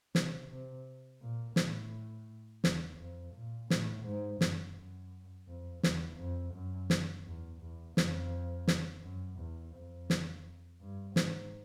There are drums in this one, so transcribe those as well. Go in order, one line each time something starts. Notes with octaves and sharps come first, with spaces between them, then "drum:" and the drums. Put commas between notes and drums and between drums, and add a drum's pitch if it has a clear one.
C3, drum: snare
C3
A#2
A2, drum: snare
E2, drum: snare
F2
A#2
A2, drum: snare
G#2
F#2, drum: snare
F#2
F2
E2, drum: snare
F2
F#2
drum: snare
E2
E2
F2, drum: snare
drum: snare
F#2
E2
F2
drum: snare
G2
G#2, drum: snare